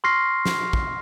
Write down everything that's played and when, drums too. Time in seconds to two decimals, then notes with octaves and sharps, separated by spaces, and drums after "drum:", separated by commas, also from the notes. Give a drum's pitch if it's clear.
0.04 C6 C#6 F6 A#6 C7
0.46 drum: snare
0.73 drum: kick